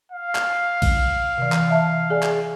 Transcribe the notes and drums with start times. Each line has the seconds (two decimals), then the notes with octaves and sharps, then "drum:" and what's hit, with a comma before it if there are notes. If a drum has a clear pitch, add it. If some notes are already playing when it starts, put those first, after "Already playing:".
0.12 F5
0.35 drum: clap
0.82 drum: kick A#1, cymbal
1.38 C3 E3
1.52 drum: clap
1.70 E5 A5
2.10 G#4 D5 G#5
2.23 drum: clap